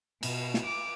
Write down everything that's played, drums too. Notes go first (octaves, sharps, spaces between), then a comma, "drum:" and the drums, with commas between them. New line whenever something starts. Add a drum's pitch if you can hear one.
B2, drum: cymbal
drum: snare
D6